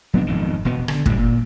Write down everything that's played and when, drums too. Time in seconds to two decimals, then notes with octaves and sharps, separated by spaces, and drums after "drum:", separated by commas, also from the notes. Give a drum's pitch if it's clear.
0.14 F#3 B3 D4
0.27 G#1 F2 D#3
0.65 E1 B2 B3
0.88 D3, drum: rim click
1.06 A2 G3, drum: kick
1.17 A#2